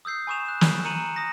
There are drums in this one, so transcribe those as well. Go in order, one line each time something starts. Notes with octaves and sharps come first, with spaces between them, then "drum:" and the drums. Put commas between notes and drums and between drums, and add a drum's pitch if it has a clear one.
D#6 E6 G6 C7
G#5 B5 C#6 D#6 E7 F7
F#6
drum: snare
A#5 C#7 D#7 E7 F#7
D#6 A#6